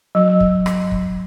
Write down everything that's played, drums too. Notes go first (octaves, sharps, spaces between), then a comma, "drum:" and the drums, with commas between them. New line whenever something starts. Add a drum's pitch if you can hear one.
F#3
drum: kick
drum: rim click
drum: kick